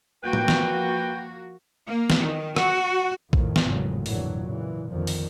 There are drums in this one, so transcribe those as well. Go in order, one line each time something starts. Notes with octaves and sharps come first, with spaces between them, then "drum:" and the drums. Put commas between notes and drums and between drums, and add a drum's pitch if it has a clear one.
F3 A#3 F#4 B4 G5
drum: tom
drum: snare
A#3
drum: snare
D#3
F#4, drum: rim click
F2 A2 D#3, drum: kick A#1
drum: snare
G#1 F2 A2 C#3 F#3
F2 A#2 D3 E3 F#3, drum: open hi-hat
A#2 C#3 E3
A#1 F2 D3 D#3 F3
drum: open hi-hat